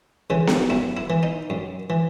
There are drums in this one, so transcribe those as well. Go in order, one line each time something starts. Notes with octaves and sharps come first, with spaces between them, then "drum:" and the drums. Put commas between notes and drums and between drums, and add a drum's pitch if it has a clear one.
C#3 E3
drum: snare B3
F#2 E4
E4
E3
D#4
F#2
E3